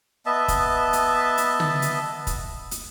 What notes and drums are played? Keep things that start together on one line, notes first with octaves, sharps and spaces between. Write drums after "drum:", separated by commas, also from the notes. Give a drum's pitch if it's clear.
B3 D#5 E5 A5
drum: kick, hi-hat
drum: hi-hat
drum: hi-hat
drum: tom
drum: hi-hat
drum: kick, hi-hat
drum: hi-hat